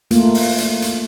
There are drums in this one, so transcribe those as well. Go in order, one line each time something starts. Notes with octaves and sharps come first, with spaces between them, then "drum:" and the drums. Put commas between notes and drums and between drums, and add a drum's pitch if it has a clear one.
A3 A#3 F4, drum: hi-hat
drum: open hi-hat
drum: hi-hat
drum: hi-hat